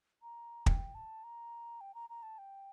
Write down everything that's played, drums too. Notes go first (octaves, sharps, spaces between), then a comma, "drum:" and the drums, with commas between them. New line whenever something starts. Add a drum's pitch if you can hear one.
A#5
G5, drum: kick
A5
A#5
G5
A#5
A#5
A5
G5